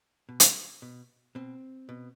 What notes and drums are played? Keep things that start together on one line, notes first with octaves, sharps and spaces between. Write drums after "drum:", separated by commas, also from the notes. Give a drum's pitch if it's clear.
B2
drum: hi-hat
B2
B2 C4
B2